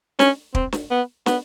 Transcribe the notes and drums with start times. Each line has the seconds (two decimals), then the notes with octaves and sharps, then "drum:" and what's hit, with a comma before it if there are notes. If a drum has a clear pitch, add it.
0.19 C#4, drum: snare
0.55 C4, drum: kick
0.72 drum: snare
0.91 B3
1.26 B3, drum: snare